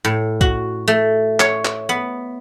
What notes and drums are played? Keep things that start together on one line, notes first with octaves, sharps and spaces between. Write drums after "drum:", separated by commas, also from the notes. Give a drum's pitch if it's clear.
A2
F#4, drum: kick
A3
C#5, drum: clap
drum: clap
B3